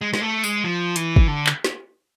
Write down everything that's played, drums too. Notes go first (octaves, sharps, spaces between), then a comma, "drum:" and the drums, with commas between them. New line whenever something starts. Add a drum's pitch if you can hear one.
G#3
G#3, drum: snare
A3
G#3, drum: tambourine
F3
E3, drum: hi-hat
drum: kick
D3
drum: clap
drum: snare